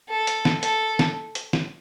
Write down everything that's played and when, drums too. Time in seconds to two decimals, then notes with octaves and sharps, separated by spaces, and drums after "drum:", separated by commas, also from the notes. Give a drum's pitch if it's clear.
0.09 A4
0.27 drum: hi-hat
0.45 drum: snare
0.63 A4, drum: hi-hat
0.99 drum: snare
1.35 drum: hi-hat
1.53 drum: snare